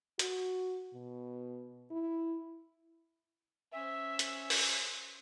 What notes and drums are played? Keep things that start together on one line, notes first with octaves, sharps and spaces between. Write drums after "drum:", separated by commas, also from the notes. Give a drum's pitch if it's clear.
F#4, drum: hi-hat
B2
E4
C#4 C5 E5
drum: hi-hat
drum: open hi-hat